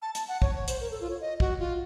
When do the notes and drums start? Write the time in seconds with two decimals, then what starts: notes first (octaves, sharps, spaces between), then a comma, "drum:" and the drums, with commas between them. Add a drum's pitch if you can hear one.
0.02 A5
0.15 A5, drum: hi-hat
0.28 F#5
0.42 C#5, drum: kick
0.55 C#5
0.68 C5, drum: hi-hat
0.81 A#4
0.91 A4
1.01 F4
1.10 C#5
1.21 D#5
1.40 F#4, drum: kick
1.59 F4